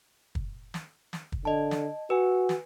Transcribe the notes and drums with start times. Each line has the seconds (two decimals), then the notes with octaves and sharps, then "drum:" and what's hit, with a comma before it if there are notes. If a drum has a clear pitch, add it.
0.35 drum: kick
0.74 drum: snare
1.13 drum: snare
1.32 drum: kick
1.45 D3 D#5 A5
1.71 drum: snare
2.10 F#4 B4 G#5
2.49 drum: snare